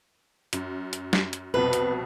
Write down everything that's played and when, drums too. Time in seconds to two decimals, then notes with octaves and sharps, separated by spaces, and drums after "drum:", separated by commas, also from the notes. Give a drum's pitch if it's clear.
0.53 F#2, drum: hi-hat
0.93 drum: hi-hat
1.13 drum: snare
1.33 drum: hi-hat
1.54 C2 F2 B2 B4
1.73 drum: hi-hat